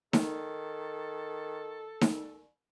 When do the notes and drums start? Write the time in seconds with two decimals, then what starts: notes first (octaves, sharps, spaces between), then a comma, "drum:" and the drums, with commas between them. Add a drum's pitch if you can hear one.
0.13 D#3 A4, drum: snare D#4
2.01 drum: snare D#4